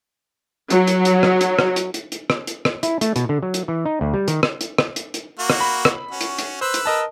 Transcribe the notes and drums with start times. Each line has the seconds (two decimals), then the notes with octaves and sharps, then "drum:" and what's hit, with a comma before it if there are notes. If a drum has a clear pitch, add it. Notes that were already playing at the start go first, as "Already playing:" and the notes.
0.70 F#3, drum: hi-hat
0.87 drum: hi-hat
1.05 drum: hi-hat
1.23 drum: rim click
1.41 drum: hi-hat
1.59 drum: rim click
1.76 drum: hi-hat
1.94 drum: hi-hat
2.12 drum: hi-hat
2.30 drum: rim click
2.47 drum: hi-hat
2.65 drum: rim click
2.83 E4, drum: hi-hat
3.01 A3, drum: hi-hat
3.16 B2, drum: hi-hat
3.29 D3
3.43 F#3
3.54 drum: hi-hat
3.68 E3
3.85 D#4
4.01 D2
4.14 G3
4.28 D#3, drum: hi-hat
4.43 drum: rim click
4.61 drum: hi-hat
4.78 drum: rim click
4.96 drum: hi-hat
5.14 drum: hi-hat
5.39 A#3 F#4
5.50 drum: rim click
5.61 B5
5.85 drum: rim click
6.11 C#4 F#4
6.21 drum: hi-hat
6.38 drum: hi-hat
6.61 B4 C5 E6
6.74 drum: hi-hat
6.86 A#4 D#5 A5